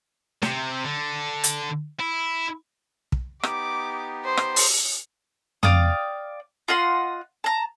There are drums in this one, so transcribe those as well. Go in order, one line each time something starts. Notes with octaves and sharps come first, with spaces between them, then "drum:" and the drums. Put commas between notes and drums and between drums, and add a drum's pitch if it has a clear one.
C3, drum: snare
D3
drum: hi-hat
E4
drum: kick
B3 D#4 G4 D6, drum: rim click
C5
drum: rim click
drum: open hi-hat
D5 F5 G5 D#6, drum: tom
F4 D#5 F#5 C6
A5 A#5